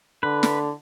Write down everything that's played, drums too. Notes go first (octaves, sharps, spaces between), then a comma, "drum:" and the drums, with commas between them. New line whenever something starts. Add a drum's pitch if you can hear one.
D3 B4
drum: snare